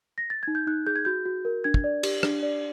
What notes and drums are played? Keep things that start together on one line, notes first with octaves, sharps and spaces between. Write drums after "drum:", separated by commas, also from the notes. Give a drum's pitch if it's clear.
A#6
A6
D#4 G#6
G6
D#4 F#6
G#4 G6
G#6
F#4 G6
F#4
A#4
D4 G#6
drum: kick
D5
G4, drum: cymbal
D4, drum: rim click
D5